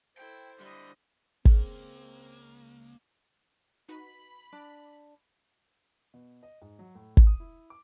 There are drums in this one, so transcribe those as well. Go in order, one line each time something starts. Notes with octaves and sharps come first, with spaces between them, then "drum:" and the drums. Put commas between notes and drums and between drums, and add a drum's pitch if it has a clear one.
E4 A4 C5 G5
D3 G3 E4 D#5
C#2 A#3 C4 C#4 G#4, drum: kick
D#4 F#4 B4 B5
D4 D6
B2
D#5
G#2
F#3
A2
drum: kick
D#6
E4
D6